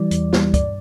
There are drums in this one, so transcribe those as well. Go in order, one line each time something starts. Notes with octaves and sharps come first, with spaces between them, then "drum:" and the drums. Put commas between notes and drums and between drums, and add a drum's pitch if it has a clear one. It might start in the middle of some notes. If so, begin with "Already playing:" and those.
Already playing: E3 G3 D5
E2, drum: hi-hat
E3 G3, drum: snare
G2 D5, drum: kick, hi-hat